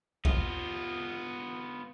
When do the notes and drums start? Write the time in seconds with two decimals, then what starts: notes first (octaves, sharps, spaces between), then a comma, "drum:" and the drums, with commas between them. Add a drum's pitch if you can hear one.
0.25 B3 F4, drum: kick A#1